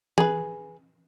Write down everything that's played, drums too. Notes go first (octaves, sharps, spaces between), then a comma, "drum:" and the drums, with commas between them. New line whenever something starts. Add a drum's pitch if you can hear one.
G#4 B4, drum: tom E3